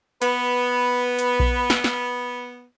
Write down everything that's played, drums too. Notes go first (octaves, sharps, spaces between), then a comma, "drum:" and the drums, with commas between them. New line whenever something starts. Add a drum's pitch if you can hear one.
B3 B4, drum: hi-hat
drum: hi-hat
drum: kick A#1
drum: snare
drum: snare